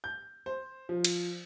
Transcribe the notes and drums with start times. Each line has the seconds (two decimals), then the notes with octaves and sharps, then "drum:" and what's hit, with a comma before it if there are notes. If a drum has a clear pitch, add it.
0.04 G6
0.46 C5
0.89 F3
1.05 drum: cymbal